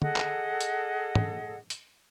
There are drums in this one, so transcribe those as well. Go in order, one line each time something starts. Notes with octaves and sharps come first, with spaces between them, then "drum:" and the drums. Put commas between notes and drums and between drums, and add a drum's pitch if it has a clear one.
G#4 A4 D#5 F#5, drum: tom
drum: clap
drum: hi-hat
drum: tom
drum: hi-hat